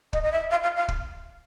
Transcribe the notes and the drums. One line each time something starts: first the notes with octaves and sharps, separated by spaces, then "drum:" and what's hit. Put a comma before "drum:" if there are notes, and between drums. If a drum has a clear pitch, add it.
D#5, drum: kick
D#5
E5
F5
F5
F5
drum: kick